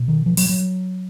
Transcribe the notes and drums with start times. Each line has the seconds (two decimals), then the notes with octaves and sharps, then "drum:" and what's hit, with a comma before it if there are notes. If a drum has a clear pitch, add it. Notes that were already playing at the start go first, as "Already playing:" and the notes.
Already playing: B2
0.08 D#3
0.26 F3
0.37 F#3, drum: open hi-hat
0.49 F#3